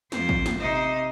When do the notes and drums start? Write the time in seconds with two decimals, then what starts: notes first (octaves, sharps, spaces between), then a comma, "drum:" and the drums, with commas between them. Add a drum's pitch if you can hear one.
0.12 F2 C5, drum: snare
0.29 drum: kick
0.46 drum: snare
0.58 C3 D#4 C5